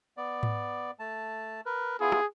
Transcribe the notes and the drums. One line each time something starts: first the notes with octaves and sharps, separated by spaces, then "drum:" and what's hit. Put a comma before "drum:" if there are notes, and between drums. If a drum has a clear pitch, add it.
B3 D5
drum: tom G#2
A3 A5
A#4 B4
B3 E4 F4 G#4
drum: rim click